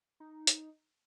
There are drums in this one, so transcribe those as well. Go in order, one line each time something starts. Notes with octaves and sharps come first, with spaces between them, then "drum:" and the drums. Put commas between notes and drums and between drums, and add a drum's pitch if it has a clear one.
D#4
drum: hi-hat